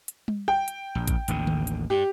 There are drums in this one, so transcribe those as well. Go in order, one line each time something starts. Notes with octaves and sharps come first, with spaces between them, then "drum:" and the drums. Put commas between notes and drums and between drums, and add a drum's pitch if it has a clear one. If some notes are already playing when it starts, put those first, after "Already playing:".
drum: hi-hat
drum: tom G3
G5, drum: rim click
drum: hi-hat
A#1
drum: kick, hi-hat
A1 D#2 D3, drum: hi-hat
drum: tom D3
drum: hi-hat
G2 G4